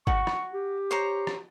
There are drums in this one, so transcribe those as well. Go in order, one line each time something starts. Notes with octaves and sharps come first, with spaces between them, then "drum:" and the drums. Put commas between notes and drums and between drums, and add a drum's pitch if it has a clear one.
F#4 C#6, drum: kick G1
drum: rim click
G4
C5 C#5 A#5
drum: rim click